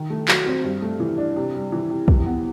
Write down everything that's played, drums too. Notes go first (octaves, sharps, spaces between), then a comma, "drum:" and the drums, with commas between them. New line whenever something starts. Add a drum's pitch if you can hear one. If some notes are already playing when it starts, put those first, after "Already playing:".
Already playing: D#3
A3
F#3, drum: clap
C4
G2
A3
E3
D4
C3
G3
E3
C3
E3, drum: kick
B3